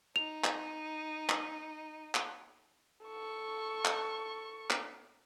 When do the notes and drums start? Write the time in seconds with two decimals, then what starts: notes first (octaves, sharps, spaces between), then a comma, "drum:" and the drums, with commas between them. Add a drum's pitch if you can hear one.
0.16 D#4 F7
0.44 drum: clap
1.29 drum: clap
2.15 drum: clap
3.06 A4 C#6
3.85 drum: clap
4.70 drum: clap